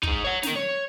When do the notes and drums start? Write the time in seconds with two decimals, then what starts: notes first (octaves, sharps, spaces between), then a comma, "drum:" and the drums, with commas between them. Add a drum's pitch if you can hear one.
0.03 D#4 G#4, drum: kick
0.24 C#5 F#5
0.43 D#4 A#4, drum: snare
0.55 C#5